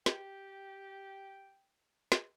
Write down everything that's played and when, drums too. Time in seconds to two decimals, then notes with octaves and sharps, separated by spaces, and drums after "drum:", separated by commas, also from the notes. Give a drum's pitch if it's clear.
0.06 G4 G5, drum: snare
2.12 drum: snare